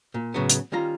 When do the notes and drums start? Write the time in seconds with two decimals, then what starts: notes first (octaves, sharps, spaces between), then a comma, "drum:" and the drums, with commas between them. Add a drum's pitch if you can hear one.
0.14 A#2
0.34 A2 C#3 F#3 B3
0.50 drum: hi-hat
0.72 D#3 G3 C#4 F4 A#5